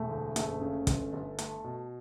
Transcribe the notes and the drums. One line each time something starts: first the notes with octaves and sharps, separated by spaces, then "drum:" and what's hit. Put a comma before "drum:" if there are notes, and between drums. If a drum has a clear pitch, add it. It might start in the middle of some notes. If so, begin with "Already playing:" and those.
Already playing: E1 A3
D2
F#1 A3, drum: hi-hat
C#3
G1, drum: kick, hi-hat
G1
A3, drum: hi-hat
B2